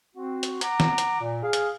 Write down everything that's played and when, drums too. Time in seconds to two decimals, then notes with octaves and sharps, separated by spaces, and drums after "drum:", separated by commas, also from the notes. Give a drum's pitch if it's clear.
0.16 C4 F#4
0.43 drum: hi-hat
0.61 F#5 A#5 D6, drum: hi-hat
0.80 drum: snare
0.98 drum: hi-hat
1.20 A#2
1.43 G#4 F5
1.53 drum: hi-hat